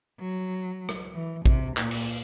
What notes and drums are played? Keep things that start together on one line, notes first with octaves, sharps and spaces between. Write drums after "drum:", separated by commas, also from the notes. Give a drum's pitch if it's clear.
F#3
drum: rim click
E3
C3, drum: kick A1
A#2, drum: clap
drum: cymbal